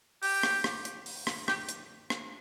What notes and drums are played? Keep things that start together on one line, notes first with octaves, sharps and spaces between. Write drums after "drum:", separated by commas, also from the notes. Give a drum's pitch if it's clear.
G4, drum: open hi-hat
drum: rim click
drum: rim click
drum: hi-hat
drum: open hi-hat
drum: rim click
G4, drum: rim click
drum: hi-hat
drum: rim click